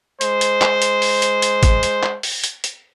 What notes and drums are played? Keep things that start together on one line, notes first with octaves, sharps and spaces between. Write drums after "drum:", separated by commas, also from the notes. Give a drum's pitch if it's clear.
G#3 C5, drum: hi-hat
drum: hi-hat
drum: clap
drum: hi-hat
drum: open hi-hat
drum: hi-hat
drum: hi-hat
drum: kick, hi-hat
drum: hi-hat
drum: clap
drum: open hi-hat
drum: hi-hat
drum: hi-hat